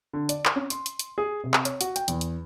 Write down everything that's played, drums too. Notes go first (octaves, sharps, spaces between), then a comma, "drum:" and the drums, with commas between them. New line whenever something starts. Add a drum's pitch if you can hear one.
D3
D5, drum: hi-hat
drum: clap
C#4
C6, drum: hi-hat
drum: hi-hat
drum: hi-hat
G#4
C3
drum: clap
C#5, drum: hi-hat
F#4, drum: hi-hat
G5, drum: hi-hat
E2, drum: hi-hat
drum: hi-hat